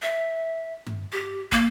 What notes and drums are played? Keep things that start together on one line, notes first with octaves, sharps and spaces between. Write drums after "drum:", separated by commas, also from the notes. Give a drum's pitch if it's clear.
E5
drum: tom G2
G4
A#3, drum: kick